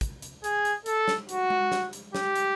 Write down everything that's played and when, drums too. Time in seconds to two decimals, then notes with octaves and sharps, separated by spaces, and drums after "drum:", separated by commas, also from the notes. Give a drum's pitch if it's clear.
0.01 drum: kick, hi-hat
0.22 drum: hi-hat
0.44 G#4, drum: hi-hat
0.65 drum: hi-hat
0.86 A4, drum: hi-hat
1.08 drum: snare
1.29 F#4, drum: hi-hat
1.50 drum: tom G#3
1.72 drum: snare
1.93 drum: hi-hat
2.15 G4, drum: snare
2.36 drum: hi-hat